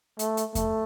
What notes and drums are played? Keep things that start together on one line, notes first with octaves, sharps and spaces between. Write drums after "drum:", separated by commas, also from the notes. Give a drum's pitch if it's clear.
A3, drum: hi-hat
drum: hi-hat
A3, drum: kick E2, hi-hat